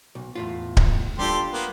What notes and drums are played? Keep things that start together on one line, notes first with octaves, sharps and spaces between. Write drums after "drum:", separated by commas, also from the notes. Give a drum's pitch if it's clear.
B1
E2 A2 F4
drum: kick D1
G3 D4 F4 G4 A4 C6
A#3 B3